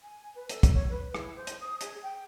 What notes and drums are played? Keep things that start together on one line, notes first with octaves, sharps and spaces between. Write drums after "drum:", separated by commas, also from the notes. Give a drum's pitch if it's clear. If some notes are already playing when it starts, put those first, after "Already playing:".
G#5
B4
A4, drum: hi-hat
drum: kick, hi-hat
C#5
B4
E4, drum: rim click
C5
drum: hi-hat
D#6
G#4, drum: hi-hat
G5